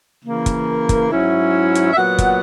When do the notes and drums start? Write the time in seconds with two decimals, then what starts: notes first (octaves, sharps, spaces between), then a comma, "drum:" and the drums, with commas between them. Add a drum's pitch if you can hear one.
0.25 C#3 E3 A#3
0.46 drum: kick, hi-hat
0.89 drum: kick, hi-hat
1.10 G#2 F#3 C#4 E4
1.75 drum: hi-hat
1.93 E5
1.97 A#2 F#3 B3 F#5
2.18 drum: kick, hi-hat